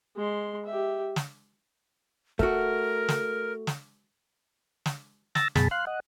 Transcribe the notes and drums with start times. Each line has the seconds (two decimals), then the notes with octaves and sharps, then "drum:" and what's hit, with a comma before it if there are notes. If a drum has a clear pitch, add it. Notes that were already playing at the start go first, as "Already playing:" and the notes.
0.17 G#3 C6
0.66 G4 E5
1.16 drum: snare
2.39 A3 F#4 A#4, drum: kick
3.09 drum: snare
3.67 drum: snare
4.86 drum: snare
5.35 E6 A6 A#6, drum: snare
5.55 F#2 B2 G#4 A5 B5, drum: snare
5.71 F5 C6 F#6
5.87 D#5 F#5